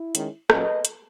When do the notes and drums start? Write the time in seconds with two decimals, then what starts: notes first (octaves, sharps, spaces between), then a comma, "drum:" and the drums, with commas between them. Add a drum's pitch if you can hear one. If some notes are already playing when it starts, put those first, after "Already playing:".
Already playing: E4
0.15 D#3 G#3 C#4, drum: hi-hat
0.50 A#2 F#3 C#4 B4 D#5, drum: rim click
0.85 drum: hi-hat